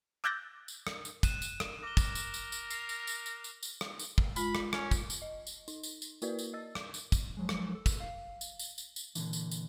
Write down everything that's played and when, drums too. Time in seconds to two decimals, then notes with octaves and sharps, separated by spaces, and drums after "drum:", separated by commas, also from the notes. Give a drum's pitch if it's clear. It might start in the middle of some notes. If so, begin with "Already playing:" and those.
0.24 D6 E6 F#6 G6 A6 A#6
0.68 drum: tambourine
0.87 drum: rim click
1.05 drum: tambourine
1.23 F#6 D#7 E7, drum: kick, tambourine
1.42 drum: tambourine
1.60 drum: rim click
1.84 A#4 D6 G7
1.97 drum: kick, tambourine
2.15 drum: tambourine
2.34 drum: tambourine
2.52 drum: tambourine
2.70 C7 F7, drum: tambourine
2.89 drum: tambourine
3.07 drum: tambourine
3.26 drum: tambourine
3.44 drum: tambourine
3.63 drum: tambourine
3.81 drum: rim click
3.99 drum: tambourine
4.18 drum: kick
4.36 G#3 F4 B5, drum: tambourine
4.55 drum: rim click
4.73 C#4, drum: rim click
4.91 drum: kick, tambourine
5.10 drum: tambourine
5.22 D#5
5.47 drum: tambourine
5.68 D#4, drum: tambourine
5.83 drum: tambourine
6.02 drum: tambourine
6.22 A#3 E4 F#4 A#4 B4 D5, drum: tambourine
6.39 drum: tambourine
6.53 D#5 E6 A6
6.75 drum: rim click
6.94 drum: tambourine
7.12 drum: kick, tambourine
7.37 F3 F#3 G#3
7.49 drum: rim click
7.75 A4
7.86 drum: kick, tambourine
8.00 F5
8.41 drum: tambourine
8.59 drum: tambourine
8.78 drum: tambourine
8.96 drum: tambourine
9.15 A#2 D3 E3, drum: tambourine
9.33 drum: tambourine
9.51 drum: tambourine